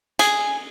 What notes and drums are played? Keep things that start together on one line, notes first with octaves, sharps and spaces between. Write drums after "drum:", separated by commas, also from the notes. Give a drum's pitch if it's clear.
G#4, drum: hi-hat